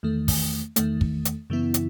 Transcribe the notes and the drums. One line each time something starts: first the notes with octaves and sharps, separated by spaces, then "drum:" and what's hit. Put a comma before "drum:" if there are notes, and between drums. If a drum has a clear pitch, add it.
E2 D#3 A3
drum: kick, open hi-hat
E2 D#3 A3, drum: hi-hat
drum: kick
drum: hi-hat
F#2 C#3 E3 B3 E4
drum: hi-hat